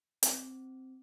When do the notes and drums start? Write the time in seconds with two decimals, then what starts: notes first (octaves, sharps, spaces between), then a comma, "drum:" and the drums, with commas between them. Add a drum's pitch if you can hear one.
0.23 C4, drum: hi-hat